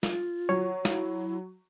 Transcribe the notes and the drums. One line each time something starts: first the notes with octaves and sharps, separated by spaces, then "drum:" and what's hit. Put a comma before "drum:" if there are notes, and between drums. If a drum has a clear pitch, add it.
F4, drum: snare
F#3 C#5
E4, drum: snare